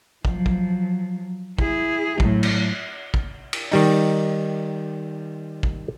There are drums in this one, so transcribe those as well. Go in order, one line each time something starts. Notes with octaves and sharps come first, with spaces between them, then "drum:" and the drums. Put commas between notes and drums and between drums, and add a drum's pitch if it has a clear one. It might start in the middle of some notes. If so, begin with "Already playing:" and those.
F3 F#3, drum: kick
drum: kick
E4 G#4, drum: kick
A2 F#3, drum: kick
drum: cymbal
drum: kick
drum: cymbal
D#3 G3 D#4, drum: open hi-hat
drum: kick